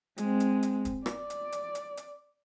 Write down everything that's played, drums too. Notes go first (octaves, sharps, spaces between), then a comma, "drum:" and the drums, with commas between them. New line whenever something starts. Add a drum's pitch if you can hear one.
G#3 C4, drum: hi-hat
drum: hi-hat
drum: hi-hat
drum: kick, hi-hat
D5, drum: rim click
drum: hi-hat
drum: hi-hat
drum: hi-hat
drum: hi-hat